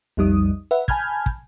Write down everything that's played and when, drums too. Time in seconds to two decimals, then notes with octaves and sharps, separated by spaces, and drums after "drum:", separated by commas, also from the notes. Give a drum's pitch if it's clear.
0.17 B1 F2 G3 D#4 D#6
0.71 B4 E5 F#5
0.88 G#5 A5 B5 F6 G6 G#6, drum: kick
1.26 drum: kick